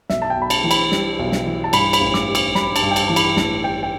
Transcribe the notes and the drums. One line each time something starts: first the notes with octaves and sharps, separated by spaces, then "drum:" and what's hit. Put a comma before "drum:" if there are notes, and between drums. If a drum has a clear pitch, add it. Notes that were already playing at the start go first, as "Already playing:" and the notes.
B1 E5, drum: snare
A5
G5
B1
B5
A5, drum: cymbal
E3
B5, drum: cymbal
G3, drum: snare
B1
drum: snare
E3
A5
G2 B5, drum: cymbal
B5, drum: cymbal
A1
D6, drum: snare
G3
D6, drum: cymbal
G3 B5, drum: snare
A5, drum: cymbal
G2
G5
A5, drum: cymbal
E3 A5
B5, drum: cymbal
A1 A5, drum: snare
G3 G5
G5